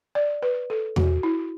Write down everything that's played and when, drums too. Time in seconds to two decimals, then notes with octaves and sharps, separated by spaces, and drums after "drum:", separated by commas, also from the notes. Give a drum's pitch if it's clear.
0.15 D5
0.42 B4
0.70 A4
0.96 F#4, drum: tom E2
1.23 E4